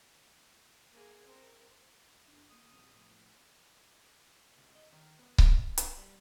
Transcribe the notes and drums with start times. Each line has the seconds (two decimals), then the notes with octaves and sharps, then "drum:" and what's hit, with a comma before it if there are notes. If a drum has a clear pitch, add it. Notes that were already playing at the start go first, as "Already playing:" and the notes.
0.92 A#3 G#4
1.26 C4 A#4
2.28 F#1 D4
2.49 G#1 A#3 D#6
2.71 D#1 A#1 C4
2.95 A2 F3
4.58 C#2
4.75 D#5
4.92 D#3
5.19 B3
5.38 F#3, drum: kick C#1
5.52 A#2
5.78 C6, drum: hi-hat
5.97 G3